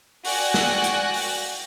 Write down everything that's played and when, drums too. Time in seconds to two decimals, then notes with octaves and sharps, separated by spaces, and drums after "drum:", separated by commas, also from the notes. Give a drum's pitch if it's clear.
0.25 F#4 D5 G5 G#5 F#6 A#6, drum: open hi-hat
0.54 drum: snare
0.84 drum: hi-hat
1.14 drum: open hi-hat